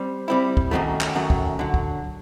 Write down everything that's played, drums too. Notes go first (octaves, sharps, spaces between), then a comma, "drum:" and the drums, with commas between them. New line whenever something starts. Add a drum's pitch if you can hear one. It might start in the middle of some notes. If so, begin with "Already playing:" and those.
Already playing: G3 C4
G3 C4 E4
drum: kick
F#2 D#3 F#3 A3
drum: clap
F#2 D#3 F#3 A3
drum: kick
D3 F#3
drum: kick